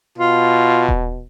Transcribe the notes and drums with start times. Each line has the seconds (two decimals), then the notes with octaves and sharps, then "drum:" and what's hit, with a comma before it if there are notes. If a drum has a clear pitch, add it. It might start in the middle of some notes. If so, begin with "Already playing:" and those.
0.18 B2 F4
0.89 drum: kick D#1